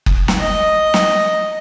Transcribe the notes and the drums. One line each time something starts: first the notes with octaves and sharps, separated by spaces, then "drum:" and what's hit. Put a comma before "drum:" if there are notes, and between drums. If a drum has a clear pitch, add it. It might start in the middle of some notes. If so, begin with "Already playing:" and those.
drum: kick F#1
drum: snare
D#5
drum: snare